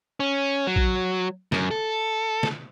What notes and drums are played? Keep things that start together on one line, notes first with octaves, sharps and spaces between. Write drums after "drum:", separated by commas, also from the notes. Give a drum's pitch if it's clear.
C#4
F#3
drum: kick
F#2, drum: snare
A4
drum: snare